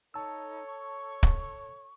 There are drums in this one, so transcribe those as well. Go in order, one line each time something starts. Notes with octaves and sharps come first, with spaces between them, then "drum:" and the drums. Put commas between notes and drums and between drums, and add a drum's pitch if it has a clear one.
D#4 A4 C#5 A5 E6
C#6
drum: kick